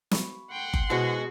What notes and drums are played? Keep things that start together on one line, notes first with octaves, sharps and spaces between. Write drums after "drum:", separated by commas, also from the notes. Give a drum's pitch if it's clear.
B5 C#6, drum: snare
F#5 G5 C6
drum: kick F#1
B2 G#3 E4 F#4 B4 C5